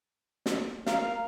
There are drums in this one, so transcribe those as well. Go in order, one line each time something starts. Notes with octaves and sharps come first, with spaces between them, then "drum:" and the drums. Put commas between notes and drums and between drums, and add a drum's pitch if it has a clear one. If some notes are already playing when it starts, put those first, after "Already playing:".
drum: snare
A#4 F5, drum: snare